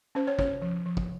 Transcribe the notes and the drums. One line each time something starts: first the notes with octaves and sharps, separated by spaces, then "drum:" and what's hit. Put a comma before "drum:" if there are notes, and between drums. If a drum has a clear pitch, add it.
C#4 C5
C#5
C#4 C#5, drum: kick
F3
F3
drum: kick